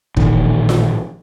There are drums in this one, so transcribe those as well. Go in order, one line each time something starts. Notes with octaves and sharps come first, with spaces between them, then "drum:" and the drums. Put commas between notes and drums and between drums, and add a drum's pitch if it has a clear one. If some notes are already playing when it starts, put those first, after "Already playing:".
A1 A#2 D#3 F3, drum: kick
drum: snare F4